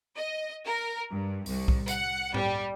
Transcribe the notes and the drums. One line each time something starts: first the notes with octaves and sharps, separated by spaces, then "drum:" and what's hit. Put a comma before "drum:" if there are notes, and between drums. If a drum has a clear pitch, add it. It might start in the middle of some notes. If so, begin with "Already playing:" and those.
D#5
A#4
G2
C2, drum: open hi-hat
drum: kick B1
F#5, drum: hi-hat
G3, drum: tom G2